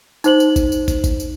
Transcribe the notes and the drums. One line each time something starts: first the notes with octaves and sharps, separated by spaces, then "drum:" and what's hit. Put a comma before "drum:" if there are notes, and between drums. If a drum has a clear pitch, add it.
D#4 C5 F#7, drum: tambourine
drum: tambourine
drum: kick, tambourine
drum: tambourine
drum: kick, tambourine
drum: kick, tambourine
drum: tambourine